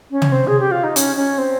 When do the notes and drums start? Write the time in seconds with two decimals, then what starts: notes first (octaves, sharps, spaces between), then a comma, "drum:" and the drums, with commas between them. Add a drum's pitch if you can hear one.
0.11 C#4
0.22 drum: tom
0.32 C4
0.47 G#4
0.60 G4
0.71 F4
0.84 D#4
0.96 C#4, drum: hi-hat
1.16 C#4
1.38 C4